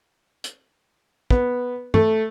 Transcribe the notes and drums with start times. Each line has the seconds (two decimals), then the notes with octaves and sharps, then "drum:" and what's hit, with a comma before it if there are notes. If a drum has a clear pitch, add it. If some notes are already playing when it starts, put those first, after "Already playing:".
0.44 drum: hi-hat
1.31 B3, drum: kick
1.94 A3, drum: tom